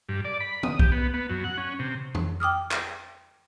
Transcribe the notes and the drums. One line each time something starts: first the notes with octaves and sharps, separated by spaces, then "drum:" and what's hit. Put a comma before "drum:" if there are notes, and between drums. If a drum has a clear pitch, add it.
G2
D5
B5
D#6, drum: tom
G4, drum: kick B1
B3
B3
F#2
F#5
C#4
C3
drum: tom F2
G5 D6 D#6 F6
drum: clap